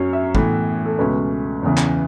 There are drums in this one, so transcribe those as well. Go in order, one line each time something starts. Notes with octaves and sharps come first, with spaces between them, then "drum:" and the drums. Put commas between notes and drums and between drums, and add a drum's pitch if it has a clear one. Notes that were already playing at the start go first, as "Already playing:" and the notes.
Already playing: F#2 F#3 C#4 C#5
E5
A2 E3 B3, drum: kick
A4
C#2 B2 A3 C#4 B4
E2 C#3 E3
drum: clap